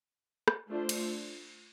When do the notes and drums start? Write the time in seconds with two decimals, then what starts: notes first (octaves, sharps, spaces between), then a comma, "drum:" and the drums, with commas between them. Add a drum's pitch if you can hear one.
0.48 drum: rim click
0.68 A3 D4 F4 C5
0.89 drum: cymbal